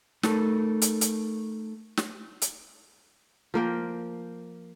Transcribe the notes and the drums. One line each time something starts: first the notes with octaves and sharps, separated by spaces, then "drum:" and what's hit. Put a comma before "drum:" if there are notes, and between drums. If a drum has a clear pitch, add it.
A3 D#4 A4 A#4, drum: snare
drum: hi-hat
drum: hi-hat
drum: snare
drum: hi-hat
F3 A#3 A#4 G5